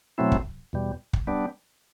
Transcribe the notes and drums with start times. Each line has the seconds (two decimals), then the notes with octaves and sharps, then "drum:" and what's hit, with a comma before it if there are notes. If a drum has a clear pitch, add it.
0.18 B2 F#3 A3 C4 E4
0.32 drum: kick
0.73 E2 B2 G3
1.13 drum: kick
1.27 G3 B3 D4